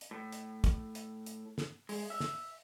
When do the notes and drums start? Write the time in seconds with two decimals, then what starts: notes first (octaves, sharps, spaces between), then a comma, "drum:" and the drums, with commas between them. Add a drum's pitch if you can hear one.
0.01 drum: hi-hat
0.11 A2
0.32 drum: hi-hat
0.64 drum: kick, hi-hat
0.95 drum: hi-hat
1.26 drum: hi-hat
1.58 drum: snare
1.89 G#3, drum: open hi-hat
2.10 E5
2.20 drum: snare